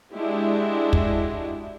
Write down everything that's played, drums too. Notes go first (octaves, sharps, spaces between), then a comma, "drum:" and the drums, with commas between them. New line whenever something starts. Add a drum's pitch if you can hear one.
G#3 D4 E4 F#4 G4
drum: kick